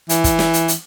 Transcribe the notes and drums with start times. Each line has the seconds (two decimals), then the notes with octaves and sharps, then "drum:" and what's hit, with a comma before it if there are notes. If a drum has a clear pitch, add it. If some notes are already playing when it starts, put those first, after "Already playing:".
0.09 E3, drum: hi-hat
0.24 drum: kick, hi-hat
0.39 drum: snare
0.53 drum: hi-hat
0.68 drum: hi-hat